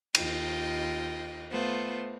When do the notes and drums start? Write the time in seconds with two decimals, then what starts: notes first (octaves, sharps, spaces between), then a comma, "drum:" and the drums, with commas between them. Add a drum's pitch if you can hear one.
0.15 D#2 F4 D#5 G5, drum: cymbal
1.51 A3 B3 F4 C5